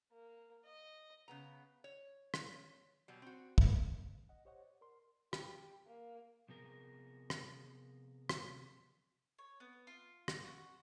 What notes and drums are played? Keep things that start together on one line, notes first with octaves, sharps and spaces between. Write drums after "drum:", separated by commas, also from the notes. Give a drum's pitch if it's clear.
A#3
D#5
C#3 B3 A#5
C#5
drum: rim click
B2 F#3 G3
C4 F#4
drum: kick
G#2 C#3
D#5 F#5
G4 C5 C#5 D#5 F#5
D5
A#4 C6
G4, drum: rim click
A#3
C3 F3 B3 G#4 A#4
drum: rim click
drum: rim click
C#5
B3
F4
drum: rim click
F#4